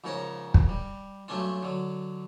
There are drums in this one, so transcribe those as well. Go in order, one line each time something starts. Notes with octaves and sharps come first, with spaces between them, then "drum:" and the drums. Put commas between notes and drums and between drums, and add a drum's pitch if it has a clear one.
A#1 G#2 C#3 A#4 C#5 A#5
drum: kick
G3
G2 F#3 A3 C#4 D4 F4
D3 F#3